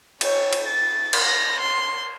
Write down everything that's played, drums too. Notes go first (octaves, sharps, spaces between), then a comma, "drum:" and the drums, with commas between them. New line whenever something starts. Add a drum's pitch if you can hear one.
C#5, drum: cymbal
drum: cymbal
A6
drum: cymbal
A#6
C6